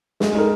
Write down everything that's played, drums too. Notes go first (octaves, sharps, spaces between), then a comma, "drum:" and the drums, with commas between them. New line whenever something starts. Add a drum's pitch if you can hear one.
G#3, drum: snare
D#4 A#4